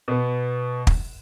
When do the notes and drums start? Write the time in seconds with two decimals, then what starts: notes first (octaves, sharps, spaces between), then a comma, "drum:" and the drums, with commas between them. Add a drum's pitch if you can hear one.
0.08 B2 B3
0.87 drum: kick